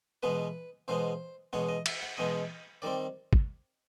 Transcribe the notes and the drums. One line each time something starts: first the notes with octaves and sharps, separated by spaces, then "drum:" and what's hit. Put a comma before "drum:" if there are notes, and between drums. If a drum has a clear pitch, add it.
E2 B2 G#3 B3 B4
E2 B2 G#3 B3 C5
E2 B2 G#3 B3 C#5
D#5
E5, drum: cymbal
F#5
E2 B2 G#3 B3 D#5
D#3 G3 C4 D5
drum: kick G#1